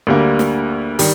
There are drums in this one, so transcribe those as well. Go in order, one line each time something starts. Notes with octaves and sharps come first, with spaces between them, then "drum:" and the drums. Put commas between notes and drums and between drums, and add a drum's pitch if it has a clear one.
D2 D3 G3 A#3
drum: snare
D#3 G3, drum: open hi-hat